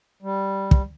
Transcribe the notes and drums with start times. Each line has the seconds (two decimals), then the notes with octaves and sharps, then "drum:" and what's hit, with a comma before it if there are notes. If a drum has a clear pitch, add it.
0.22 G3
0.71 drum: kick